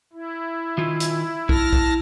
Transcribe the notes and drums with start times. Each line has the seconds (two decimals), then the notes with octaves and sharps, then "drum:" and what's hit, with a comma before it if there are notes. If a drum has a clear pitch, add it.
0.13 E4
0.78 D#3 F4
1.00 drum: hi-hat
1.49 E4 A5 F6 A#6, drum: kick B1
1.73 drum: kick B1